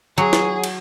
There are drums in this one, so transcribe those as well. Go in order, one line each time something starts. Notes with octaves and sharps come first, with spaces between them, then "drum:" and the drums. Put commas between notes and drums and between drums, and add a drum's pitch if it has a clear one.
F#3 G#4
drum: snare
drum: cymbal